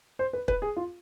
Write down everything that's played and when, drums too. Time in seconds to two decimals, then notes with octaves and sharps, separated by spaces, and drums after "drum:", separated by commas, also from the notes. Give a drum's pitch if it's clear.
0.19 C5
0.33 B4
0.48 B4, drum: kick
0.62 G#4
0.77 F4